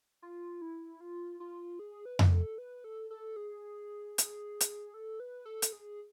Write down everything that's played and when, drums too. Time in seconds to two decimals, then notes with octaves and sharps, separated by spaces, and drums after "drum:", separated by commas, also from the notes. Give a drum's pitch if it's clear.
0.22 F4
0.62 E4
1.01 F4
1.40 F4
1.79 G#4
2.05 B4
2.19 drum: tom F2
2.31 A4
2.58 B4
2.84 A4
3.11 A4
3.36 G#4
4.18 drum: hi-hat
4.60 drum: hi-hat
4.94 A4
5.20 B4
5.45 A4
5.62 drum: hi-hat
5.72 G#4